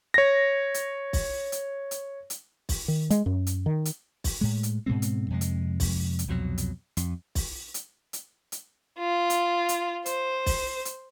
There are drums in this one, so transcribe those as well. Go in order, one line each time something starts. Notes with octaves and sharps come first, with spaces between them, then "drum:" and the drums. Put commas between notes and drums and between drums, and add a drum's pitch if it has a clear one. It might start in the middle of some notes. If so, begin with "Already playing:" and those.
C#5 A#6
drum: hi-hat
drum: kick, open hi-hat
drum: hi-hat
drum: hi-hat
drum: hi-hat
drum: kick, open hi-hat
D#3
G#3, drum: hi-hat
F#2
drum: hi-hat
D#3
drum: hi-hat
drum: kick, open hi-hat
A2 G#3
drum: hi-hat
G#2 B2 G#3 C4
drum: hi-hat
F2 C3 G#3
drum: hi-hat
drum: kick, open hi-hat
drum: hi-hat
C2 F2 B2 F#3
drum: hi-hat
F2, drum: hi-hat
drum: kick, open hi-hat
drum: hi-hat
drum: hi-hat
drum: hi-hat
F4
drum: hi-hat
drum: hi-hat
C5, drum: hi-hat
drum: kick, open hi-hat
drum: hi-hat